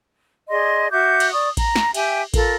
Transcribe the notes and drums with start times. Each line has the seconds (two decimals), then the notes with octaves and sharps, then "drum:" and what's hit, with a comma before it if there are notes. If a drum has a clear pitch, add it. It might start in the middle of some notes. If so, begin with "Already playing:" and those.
0.50 G#4 D5 D#5 C6
0.91 F#4 E5 D6 G6
1.20 drum: cymbal
1.32 D5 C#6 D#6
1.57 A#5, drum: kick A1, cymbal
1.76 drum: snare
1.94 G4 E5 G5 G#5, drum: cymbal
2.34 F4 A4 A#4, drum: kick A1, cymbal